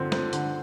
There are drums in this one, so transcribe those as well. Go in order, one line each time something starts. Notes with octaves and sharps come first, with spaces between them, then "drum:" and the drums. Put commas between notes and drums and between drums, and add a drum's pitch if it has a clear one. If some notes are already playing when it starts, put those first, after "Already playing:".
Already playing: G2 D3 F3 C4
C4, drum: snare
D3, drum: hi-hat